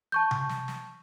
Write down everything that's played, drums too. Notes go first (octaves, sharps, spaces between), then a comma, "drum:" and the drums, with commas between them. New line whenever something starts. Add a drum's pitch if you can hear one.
A5 C#6 G6
drum: tom C3
drum: snare
drum: snare